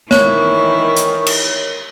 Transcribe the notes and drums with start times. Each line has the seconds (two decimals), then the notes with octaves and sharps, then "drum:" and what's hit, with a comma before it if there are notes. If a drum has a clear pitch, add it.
0.11 D#3 E3 E4 C#5 C#6, drum: snare
0.96 drum: hi-hat
1.27 drum: cymbal